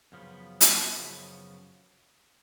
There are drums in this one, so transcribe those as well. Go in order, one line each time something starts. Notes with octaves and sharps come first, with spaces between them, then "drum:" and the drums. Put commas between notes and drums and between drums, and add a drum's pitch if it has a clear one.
F#2 C#3 F3 B3
drum: hi-hat
F#2 C#3 F3 B3